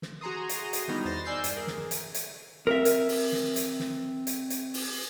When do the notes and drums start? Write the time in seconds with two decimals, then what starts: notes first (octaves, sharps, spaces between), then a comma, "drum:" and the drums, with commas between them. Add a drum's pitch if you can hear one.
0.02 drum: snare
0.21 F#4 G#4 A#5 C6 D#6
0.49 drum: hi-hat
0.73 drum: hi-hat
0.88 D#3 E3 G3 B3 D#4
1.05 E2 C5 A6 A#6 C7
1.25 D5 G#5 E6 F6 G6 C7
1.44 G2, drum: hi-hat
1.56 G#4 A#4
1.67 drum: snare
1.91 drum: hi-hat
2.14 drum: hi-hat
2.67 C4 A#4 E5
2.85 drum: hi-hat
3.09 drum: open hi-hat
3.32 drum: snare
3.56 drum: hi-hat
3.80 drum: snare
4.27 drum: hi-hat
4.50 drum: hi-hat
4.74 drum: open hi-hat